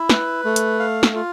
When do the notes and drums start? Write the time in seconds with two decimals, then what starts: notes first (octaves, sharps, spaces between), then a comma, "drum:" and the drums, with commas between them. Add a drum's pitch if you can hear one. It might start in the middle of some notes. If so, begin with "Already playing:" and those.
Already playing: E4
0.10 B4, drum: snare
0.45 A3
0.56 drum: hi-hat
0.79 F5
1.03 drum: snare
1.15 F4